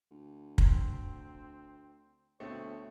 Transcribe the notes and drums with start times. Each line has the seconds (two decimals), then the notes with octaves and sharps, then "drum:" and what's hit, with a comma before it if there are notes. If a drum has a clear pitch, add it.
0.11 D2
0.58 C4, drum: kick
2.40 D2 B2 A3 C4 C#5